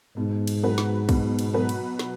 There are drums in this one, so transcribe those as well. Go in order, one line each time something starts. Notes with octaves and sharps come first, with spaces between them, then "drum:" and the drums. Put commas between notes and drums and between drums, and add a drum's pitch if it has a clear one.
G#2 B2
drum: cymbal
F#3 B3 F#4 B4
drum: snare
B2, drum: kick, cymbal
drum: cymbal
F#3 B3 F#4 B4
drum: cymbal
drum: snare